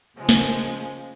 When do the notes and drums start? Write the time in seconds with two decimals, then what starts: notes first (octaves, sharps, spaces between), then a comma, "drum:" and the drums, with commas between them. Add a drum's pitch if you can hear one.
0.17 C#3 F3 G#3
0.29 drum: snare